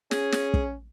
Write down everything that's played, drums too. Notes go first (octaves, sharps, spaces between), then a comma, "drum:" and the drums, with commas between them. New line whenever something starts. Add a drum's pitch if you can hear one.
C#4 G#4, drum: snare
drum: snare
drum: kick